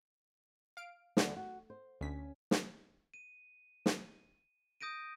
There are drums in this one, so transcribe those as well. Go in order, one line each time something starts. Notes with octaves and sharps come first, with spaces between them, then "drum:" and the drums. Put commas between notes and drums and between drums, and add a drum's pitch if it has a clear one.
F5 D7
D2 D3, drum: snare
F#4
C5
D2 C#4 B6
drum: snare
D#7
drum: snare
D#6 G6 A#6 D7 D#7